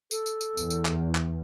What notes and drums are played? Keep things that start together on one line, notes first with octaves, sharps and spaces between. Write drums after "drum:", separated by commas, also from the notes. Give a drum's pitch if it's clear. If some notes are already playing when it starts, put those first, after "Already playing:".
A4, drum: tambourine
drum: tambourine
drum: tambourine
E2, drum: tambourine
drum: tambourine
drum: clap
drum: clap